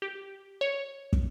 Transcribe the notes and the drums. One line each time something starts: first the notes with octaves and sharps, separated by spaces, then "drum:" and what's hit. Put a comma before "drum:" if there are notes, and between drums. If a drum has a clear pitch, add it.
G4
C#5
drum: kick